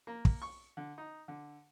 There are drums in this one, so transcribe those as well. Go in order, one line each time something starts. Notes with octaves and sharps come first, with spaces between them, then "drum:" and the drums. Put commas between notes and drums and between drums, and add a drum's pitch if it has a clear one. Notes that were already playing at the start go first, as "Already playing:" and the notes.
A#3
drum: kick
C#6
D3
D#4
D3